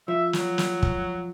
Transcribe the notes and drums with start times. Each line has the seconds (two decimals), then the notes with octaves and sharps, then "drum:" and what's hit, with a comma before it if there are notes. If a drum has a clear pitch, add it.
0.08 F3 E5
0.33 F#3, drum: snare
0.58 drum: snare
0.83 drum: kick